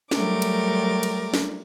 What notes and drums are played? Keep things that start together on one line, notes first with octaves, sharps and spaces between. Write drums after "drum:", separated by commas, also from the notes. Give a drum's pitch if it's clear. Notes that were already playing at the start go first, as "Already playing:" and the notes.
F#3 G3 A3 A#4 D6, drum: snare
drum: cymbal
drum: cymbal
drum: snare